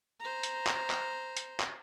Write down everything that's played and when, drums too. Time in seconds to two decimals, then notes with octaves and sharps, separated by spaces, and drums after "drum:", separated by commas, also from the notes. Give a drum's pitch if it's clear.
0.20 C5 A#5
0.43 drum: hi-hat
0.67 drum: clap
0.90 drum: clap
1.37 drum: hi-hat
1.60 drum: clap